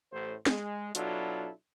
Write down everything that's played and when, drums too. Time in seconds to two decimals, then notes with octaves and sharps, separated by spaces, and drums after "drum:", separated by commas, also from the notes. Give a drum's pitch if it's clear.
0.12 A1 A2 C5
0.46 G#3, drum: snare
0.95 B2 F#3 D4 E4 F4 A4, drum: hi-hat